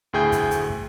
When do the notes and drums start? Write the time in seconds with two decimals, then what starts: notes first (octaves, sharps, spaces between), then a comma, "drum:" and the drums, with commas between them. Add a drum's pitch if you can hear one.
0.13 D2 A2 G#4 G5 G6
0.32 drum: kick, hi-hat
0.51 drum: hi-hat
0.70 drum: kick